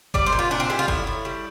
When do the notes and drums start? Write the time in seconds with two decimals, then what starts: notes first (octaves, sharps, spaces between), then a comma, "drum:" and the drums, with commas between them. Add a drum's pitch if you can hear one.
0.14 G3 D5, drum: kick G1
0.26 C5
0.32 A#2
0.39 F4
0.51 A#2 D4
0.60 C4
0.70 G3 E4
0.79 F4
0.88 A2 E4, drum: kick G1
1.07 A2
1.25 G3